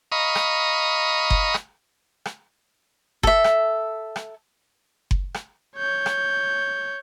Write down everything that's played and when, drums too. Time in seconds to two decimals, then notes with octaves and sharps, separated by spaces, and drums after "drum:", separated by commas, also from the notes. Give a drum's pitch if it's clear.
0.12 D#5 F5 A#5 B5 C#6 D#6
0.35 drum: rim click
1.30 drum: kick F#1
1.54 drum: rim click
2.26 drum: rim click
3.23 A4 E5, drum: kick F#1
3.44 drum: rim click
4.16 drum: rim click
5.11 drum: kick F#1
5.34 drum: rim click
5.77 C#5 G6
6.06 drum: rim click